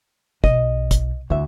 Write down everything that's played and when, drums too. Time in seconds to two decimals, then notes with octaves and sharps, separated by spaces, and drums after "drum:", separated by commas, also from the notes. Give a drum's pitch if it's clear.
0.44 B1 D#5, drum: kick
0.91 drum: kick, hi-hat
1.30 D2 E4 E5